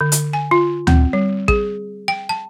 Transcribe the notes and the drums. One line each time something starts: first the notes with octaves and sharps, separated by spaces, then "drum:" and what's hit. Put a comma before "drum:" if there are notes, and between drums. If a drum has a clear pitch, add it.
D3
drum: hi-hat
G#5
F4
C4, drum: tom D2
G3
G#4, drum: kick
G5
A5